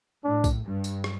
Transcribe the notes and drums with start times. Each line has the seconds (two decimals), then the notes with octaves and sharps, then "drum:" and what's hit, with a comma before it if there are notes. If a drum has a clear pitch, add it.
0.24 A2 D4
0.44 drum: kick, tambourine
0.64 G2
0.84 drum: tambourine
1.04 drum: rim click